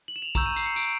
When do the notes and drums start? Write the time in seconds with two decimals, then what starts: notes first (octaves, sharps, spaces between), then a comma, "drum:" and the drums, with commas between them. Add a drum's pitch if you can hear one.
0.08 F#7
0.16 E7
0.22 F7
0.35 A#5 C#6 E6 G6 E7, drum: kick A#1, tambourine
0.46 D#7
0.56 C7, drum: tambourine
0.66 C#7
0.76 D7, drum: tambourine